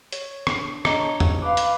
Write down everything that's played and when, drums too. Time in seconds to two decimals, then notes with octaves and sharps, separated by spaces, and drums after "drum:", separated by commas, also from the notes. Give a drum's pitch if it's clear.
0.12 C#5, drum: hi-hat
0.47 D4, drum: rim click
0.85 D4 C#5 D#5 A5 A#5 G7, drum: rim click
1.20 drum: tom
1.42 B4 F5 D6
1.57 drum: hi-hat